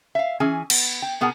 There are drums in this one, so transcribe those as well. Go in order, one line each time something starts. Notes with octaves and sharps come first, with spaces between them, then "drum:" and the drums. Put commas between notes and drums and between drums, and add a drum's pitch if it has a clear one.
E5 F5
E3 C#4 G#4 G#5
B3, drum: cymbal
G5
B2 B3 G#4 A#4 F#5 G#5